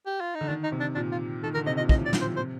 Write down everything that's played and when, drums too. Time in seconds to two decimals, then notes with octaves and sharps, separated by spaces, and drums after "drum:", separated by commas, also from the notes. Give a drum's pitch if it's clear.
0.06 G4
0.21 F4
0.35 D#4
0.41 D3
0.49 D#3 D4
0.64 D#4
0.72 C3
0.80 D4
0.95 A#2 D4
1.12 F4
1.43 D#3 A4
1.54 D3 A#4
1.66 C3 D#5
1.77 A#2 D#5
1.89 A2 D#5, drum: kick
2.06 D5
2.13 A#2, drum: snare
2.21 C5
2.36 C3 C5